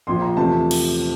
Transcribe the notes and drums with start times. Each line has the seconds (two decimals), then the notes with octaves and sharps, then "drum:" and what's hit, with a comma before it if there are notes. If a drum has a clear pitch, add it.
0.07 A#1 A#2 F3 C6
0.21 A#5
0.37 E2 C3 F3 A3 A5
0.71 drum: cymbal